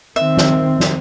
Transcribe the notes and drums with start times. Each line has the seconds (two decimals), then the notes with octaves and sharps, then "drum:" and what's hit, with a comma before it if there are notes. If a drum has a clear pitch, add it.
0.16 D#3 C4 E5
0.37 drum: snare
0.80 drum: snare